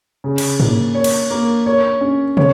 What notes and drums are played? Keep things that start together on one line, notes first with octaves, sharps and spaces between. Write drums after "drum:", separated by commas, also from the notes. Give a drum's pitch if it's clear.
C#3
drum: cymbal
A#3, drum: tom G#2
C#5
drum: cymbal
A#3
C#5
C#4
C#5, drum: tom